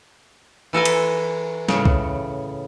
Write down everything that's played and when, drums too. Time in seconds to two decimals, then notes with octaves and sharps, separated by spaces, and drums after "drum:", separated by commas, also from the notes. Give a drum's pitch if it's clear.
0.73 E3 A4 A#4 G#5
0.85 drum: cymbal
1.69 A2 C#3, drum: snare
1.85 drum: kick